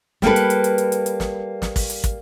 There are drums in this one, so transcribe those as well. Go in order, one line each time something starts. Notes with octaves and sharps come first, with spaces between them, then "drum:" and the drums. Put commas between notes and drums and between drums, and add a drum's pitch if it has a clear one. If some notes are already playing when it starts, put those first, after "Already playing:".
G3 A#3 A4 B4, drum: snare
drum: hi-hat
drum: hi-hat
drum: hi-hat
drum: hi-hat
drum: hi-hat
drum: hi-hat
drum: snare
drum: snare
drum: kick, open hi-hat
drum: hi-hat
drum: kick, hi-hat